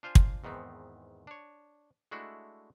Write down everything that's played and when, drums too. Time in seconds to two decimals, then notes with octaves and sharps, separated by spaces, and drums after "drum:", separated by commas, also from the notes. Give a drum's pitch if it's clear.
0.03 D4 F4 C5 F5 G#5
0.15 drum: kick
0.44 E2 G#2 D#3 B3 C4
1.27 D4 C#5
2.11 G#3 A3 D4 E4 F#4